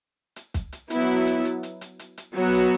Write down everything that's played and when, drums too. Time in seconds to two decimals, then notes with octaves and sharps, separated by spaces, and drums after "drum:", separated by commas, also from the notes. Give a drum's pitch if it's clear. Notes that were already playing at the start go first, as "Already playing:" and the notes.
0.36 drum: hi-hat
0.54 drum: kick, hi-hat
0.72 drum: hi-hat
0.90 F#3 B3 E4, drum: hi-hat
1.27 drum: hi-hat
1.45 drum: hi-hat
1.63 drum: hi-hat
1.81 drum: hi-hat
1.99 drum: hi-hat
2.18 drum: hi-hat
2.35 F#3 B3 F#4
2.54 drum: hi-hat